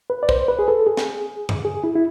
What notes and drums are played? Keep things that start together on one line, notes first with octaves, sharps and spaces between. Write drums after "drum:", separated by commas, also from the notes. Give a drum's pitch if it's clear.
B4
D5
C5, drum: kick
B4
G#4
A4
G#4
drum: snare
drum: tom F2
G#4
E4
E4